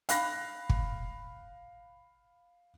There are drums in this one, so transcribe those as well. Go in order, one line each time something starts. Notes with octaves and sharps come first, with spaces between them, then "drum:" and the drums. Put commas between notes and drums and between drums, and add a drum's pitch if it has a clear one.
F5 B5 F#6 A#6, drum: hi-hat
drum: kick